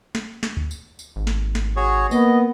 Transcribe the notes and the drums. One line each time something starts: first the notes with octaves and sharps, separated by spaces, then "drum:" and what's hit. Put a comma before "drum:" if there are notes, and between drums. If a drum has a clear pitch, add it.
drum: snare
drum: snare
drum: kick D2
drum: tambourine
drum: tambourine
G#1
drum: snare
drum: snare
F#4 G#4 C#5
A#3 B3 D#5, drum: tambourine